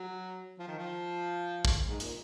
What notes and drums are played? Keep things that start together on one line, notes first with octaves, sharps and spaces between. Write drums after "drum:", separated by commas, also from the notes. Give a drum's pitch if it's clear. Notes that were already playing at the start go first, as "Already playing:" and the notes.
Already playing: F#3
F3
D#3
F3
drum: kick
G#2
A#2, drum: hi-hat